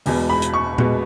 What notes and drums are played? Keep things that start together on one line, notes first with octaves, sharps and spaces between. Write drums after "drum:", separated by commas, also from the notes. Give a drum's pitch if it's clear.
E1 E2 B2 G#3 B3, drum: open hi-hat
B5
drum: hi-hat
C#6
B2 G#3 B3, drum: tom A#2